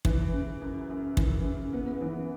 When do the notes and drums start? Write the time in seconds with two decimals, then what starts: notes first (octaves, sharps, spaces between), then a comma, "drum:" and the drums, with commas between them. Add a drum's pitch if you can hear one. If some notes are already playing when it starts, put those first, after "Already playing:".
0.05 E3, drum: kick
0.33 C#3
0.61 F#2
0.90 F#2
1.17 E3, drum: kick
1.45 C#3
1.73 B3
2.01 E3